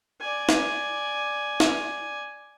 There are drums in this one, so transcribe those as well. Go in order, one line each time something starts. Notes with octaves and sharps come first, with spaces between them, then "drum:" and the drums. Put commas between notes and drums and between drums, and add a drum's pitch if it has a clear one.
D5 G#5
drum: snare
drum: snare